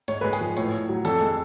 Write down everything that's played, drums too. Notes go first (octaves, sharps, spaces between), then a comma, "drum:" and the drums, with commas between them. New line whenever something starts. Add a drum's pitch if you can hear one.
G#2 C#5, drum: hi-hat
G#3 B4
G#4, drum: hi-hat
F3
A2 C#5, drum: hi-hat
A2
F#3
F2 A4, drum: hi-hat
G#3